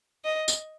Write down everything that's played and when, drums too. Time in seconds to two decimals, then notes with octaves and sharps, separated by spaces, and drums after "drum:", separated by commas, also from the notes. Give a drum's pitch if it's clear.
0.25 D#5
0.48 drum: tambourine